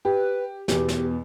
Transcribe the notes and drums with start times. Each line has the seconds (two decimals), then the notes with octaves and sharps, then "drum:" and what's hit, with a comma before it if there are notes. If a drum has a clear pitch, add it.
0.05 G4 B4
0.68 E2 B2 G4, drum: snare
0.88 drum: snare